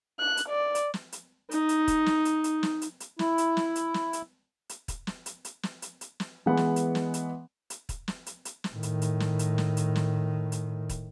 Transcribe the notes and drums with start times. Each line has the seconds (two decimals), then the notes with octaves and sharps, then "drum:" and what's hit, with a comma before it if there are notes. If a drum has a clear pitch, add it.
0.20 F#6
0.37 drum: hi-hat
0.49 D5
0.75 drum: hi-hat
0.94 drum: snare
1.12 drum: hi-hat
1.51 D#4, drum: hi-hat
1.69 drum: hi-hat
1.88 drum: kick, hi-hat
2.06 drum: snare
2.25 drum: hi-hat
2.44 drum: hi-hat
2.63 drum: snare
2.82 drum: hi-hat
3.00 drum: hi-hat
3.19 E4, drum: snare
3.38 drum: hi-hat
3.57 drum: snare
3.75 drum: hi-hat
3.94 drum: snare
4.13 drum: hi-hat
4.69 drum: hi-hat
4.88 drum: kick, hi-hat
5.07 drum: snare
5.26 drum: hi-hat
5.45 drum: hi-hat
5.63 drum: snare
5.82 drum: hi-hat
6.01 drum: hi-hat
6.20 drum: snare
6.46 E3 G#3 B3 F#5
6.57 drum: snare
6.76 drum: hi-hat
6.95 drum: snare
7.14 drum: hi-hat
7.70 drum: hi-hat
7.89 drum: kick, hi-hat
8.08 drum: snare
8.26 drum: hi-hat
8.45 drum: hi-hat
8.64 drum: snare
8.73 A2 D#3
8.83 drum: hi-hat
9.02 drum: hi-hat
9.20 drum: snare
9.39 drum: hi-hat
9.58 drum: snare
9.77 drum: hi-hat
9.96 drum: snare
10.52 drum: hi-hat
10.89 drum: kick, hi-hat